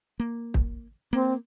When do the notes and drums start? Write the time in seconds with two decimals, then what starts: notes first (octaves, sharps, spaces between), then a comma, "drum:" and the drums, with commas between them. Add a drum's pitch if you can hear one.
0.20 A#3
0.54 drum: kick
1.13 A#3 C4